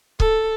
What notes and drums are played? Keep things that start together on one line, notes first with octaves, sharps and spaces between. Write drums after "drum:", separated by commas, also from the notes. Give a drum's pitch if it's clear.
A4, drum: kick C#1